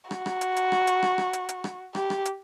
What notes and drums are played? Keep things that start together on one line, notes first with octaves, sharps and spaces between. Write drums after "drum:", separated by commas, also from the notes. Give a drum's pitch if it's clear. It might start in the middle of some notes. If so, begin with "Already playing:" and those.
F#4, drum: rim click
drum: rim click
drum: hi-hat
drum: hi-hat
drum: rim click
drum: hi-hat
drum: rim click
drum: rim click
drum: hi-hat
drum: hi-hat
drum: rim click
G4, drum: rim click
drum: rim click
drum: hi-hat